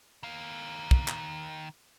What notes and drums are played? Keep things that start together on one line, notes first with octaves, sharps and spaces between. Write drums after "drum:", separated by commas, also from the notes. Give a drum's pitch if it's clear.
D#3 F5
drum: kick
drum: clap